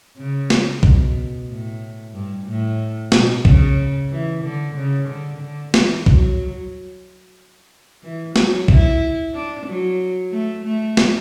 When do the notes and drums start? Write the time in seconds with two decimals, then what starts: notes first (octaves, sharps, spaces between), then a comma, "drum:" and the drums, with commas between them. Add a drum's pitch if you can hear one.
0.18 C#3
0.50 drum: snare
0.83 B2, drum: kick B1
1.48 A2
2.14 G2
2.47 A2
3.12 B2, drum: snare
3.45 C#3, drum: kick B1
4.10 E3
4.43 D3
4.76 C#3
5.08 D3
5.41 D3
5.74 E3, drum: snare
6.06 F#3, drum: kick B1
8.03 E3
8.36 F#3, drum: snare
8.68 E4, drum: kick B1
9.34 D4
9.67 F#3
10.32 A3
10.65 A3
10.97 drum: snare